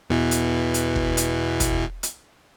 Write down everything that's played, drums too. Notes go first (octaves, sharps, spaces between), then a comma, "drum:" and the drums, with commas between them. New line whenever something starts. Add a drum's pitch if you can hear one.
E2 B2 E3
drum: hi-hat
drum: hi-hat
drum: kick
drum: hi-hat
drum: kick, hi-hat
drum: hi-hat